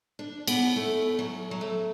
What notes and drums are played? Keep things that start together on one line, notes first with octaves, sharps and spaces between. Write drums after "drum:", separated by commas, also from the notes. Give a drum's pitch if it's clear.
D4
B3, drum: cymbal
A3
F#3
F#3
A3